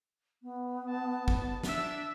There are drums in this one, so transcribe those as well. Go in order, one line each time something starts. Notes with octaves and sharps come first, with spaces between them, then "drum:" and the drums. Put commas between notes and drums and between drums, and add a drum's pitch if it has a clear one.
B3
A5
drum: kick
D4 E5, drum: snare